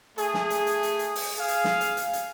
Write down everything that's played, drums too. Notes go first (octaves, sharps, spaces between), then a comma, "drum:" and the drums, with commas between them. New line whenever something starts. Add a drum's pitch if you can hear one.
A3 G#4, drum: hi-hat
drum: snare
drum: hi-hat
drum: hi-hat
drum: hi-hat
drum: hi-hat
drum: open hi-hat
G#4 F5
drum: hi-hat
drum: snare
drum: hi-hat
drum: hi-hat
drum: hi-hat